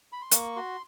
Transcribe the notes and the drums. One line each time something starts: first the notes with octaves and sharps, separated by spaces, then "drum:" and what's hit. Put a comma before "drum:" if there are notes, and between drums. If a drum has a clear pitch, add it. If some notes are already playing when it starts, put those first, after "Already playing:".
B5
C6
A#3 C#6, drum: hi-hat
F#4 C6